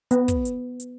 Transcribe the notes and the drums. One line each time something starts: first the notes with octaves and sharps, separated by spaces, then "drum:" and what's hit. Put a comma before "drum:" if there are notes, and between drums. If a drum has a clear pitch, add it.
B3, drum: hi-hat
drum: kick, hi-hat
drum: hi-hat
drum: hi-hat